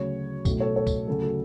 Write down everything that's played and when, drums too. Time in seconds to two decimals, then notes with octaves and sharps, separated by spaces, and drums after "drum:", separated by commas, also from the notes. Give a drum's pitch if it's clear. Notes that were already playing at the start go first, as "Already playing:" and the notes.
Already playing: D2 C#3 F#3 C#5
0.45 B1 A2 F#3, drum: kick, tambourine
0.60 A4 C#5
0.76 A4 C#5
0.87 drum: kick, tambourine
1.07 D2 C#3 F#3 A4
1.23 A4